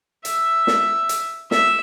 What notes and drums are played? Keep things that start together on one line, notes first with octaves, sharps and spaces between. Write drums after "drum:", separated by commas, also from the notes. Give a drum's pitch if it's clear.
E5, drum: hi-hat
drum: snare
drum: hi-hat
E5, drum: snare